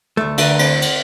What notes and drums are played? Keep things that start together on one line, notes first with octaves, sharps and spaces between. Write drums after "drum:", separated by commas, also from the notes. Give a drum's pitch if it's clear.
D2 A3
D3 B4 A#5, drum: cymbal
C4, drum: cymbal
drum: cymbal